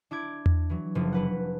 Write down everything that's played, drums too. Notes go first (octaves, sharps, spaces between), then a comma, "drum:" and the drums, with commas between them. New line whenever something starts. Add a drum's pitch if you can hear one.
D4 E4 D6 G#6
drum: tom E2
E3 F#3
F#1 F3
F1 B4 F#5